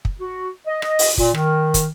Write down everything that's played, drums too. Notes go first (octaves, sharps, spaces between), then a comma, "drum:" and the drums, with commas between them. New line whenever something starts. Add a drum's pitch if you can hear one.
drum: kick
F#4
D#5
D#5, drum: rim click
drum: open hi-hat
A#2, drum: kick
D#3, drum: rim click
drum: kick, hi-hat